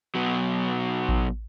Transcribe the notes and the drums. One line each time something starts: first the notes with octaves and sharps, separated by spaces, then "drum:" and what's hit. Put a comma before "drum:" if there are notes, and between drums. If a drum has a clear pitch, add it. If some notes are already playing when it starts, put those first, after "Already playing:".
B2 F#3
drum: kick A1